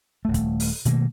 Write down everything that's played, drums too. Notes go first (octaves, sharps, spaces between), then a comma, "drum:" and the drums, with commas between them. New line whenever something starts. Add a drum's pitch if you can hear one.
D#1 A3
drum: kick, hi-hat
drum: open hi-hat
B2 D#3 A3 A#3, drum: hi-hat